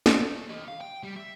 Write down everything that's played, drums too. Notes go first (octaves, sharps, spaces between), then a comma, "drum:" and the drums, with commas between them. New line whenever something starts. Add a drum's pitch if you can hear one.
drum: snare
A3
G4 D#5
F5
G5
G3
E5